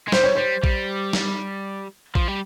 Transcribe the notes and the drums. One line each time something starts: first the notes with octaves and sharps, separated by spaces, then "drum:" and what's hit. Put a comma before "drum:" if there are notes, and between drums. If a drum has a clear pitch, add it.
G#3
G3 C5, drum: snare
C#5
G3 C5
G3, drum: kick A#1
drum: snare
F3, drum: kick A#1
G3